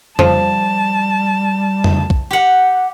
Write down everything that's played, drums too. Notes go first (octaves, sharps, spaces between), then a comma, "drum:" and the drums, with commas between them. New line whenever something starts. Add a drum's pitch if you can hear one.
F3 G3 A5, drum: tom
drum: tom
drum: kick
G4 F#5